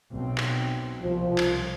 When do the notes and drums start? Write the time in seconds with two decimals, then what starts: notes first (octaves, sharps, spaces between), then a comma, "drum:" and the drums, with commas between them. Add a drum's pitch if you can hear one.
0.13 B1 C4
0.38 drum: clap
1.02 C2 F3
1.38 drum: clap